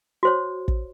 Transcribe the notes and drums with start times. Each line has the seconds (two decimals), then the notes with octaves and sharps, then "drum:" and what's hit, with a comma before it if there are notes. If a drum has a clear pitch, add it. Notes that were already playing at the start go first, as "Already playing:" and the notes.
0.23 F#4 C5 C#5
0.68 drum: kick